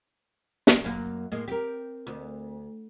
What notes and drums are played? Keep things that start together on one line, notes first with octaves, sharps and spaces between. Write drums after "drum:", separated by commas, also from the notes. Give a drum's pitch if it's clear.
drum: snare
F#2 A#3
A2 G#3 A#3
C4 G4 A#4
D2